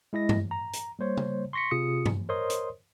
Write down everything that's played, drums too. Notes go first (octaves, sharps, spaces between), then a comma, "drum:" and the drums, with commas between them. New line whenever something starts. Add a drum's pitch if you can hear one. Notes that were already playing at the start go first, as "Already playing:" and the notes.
G#3 E4 D#5 A#6
drum: tom G2
A#5
drum: hi-hat
G3 A#3 C5 C#5
drum: tom
C6 C#6 A#6 B6 C#7
C3 F4 G#4 D#6 C#7
drum: tom G2
A#4 C5 C#5 D#5 C6 D#6
drum: hi-hat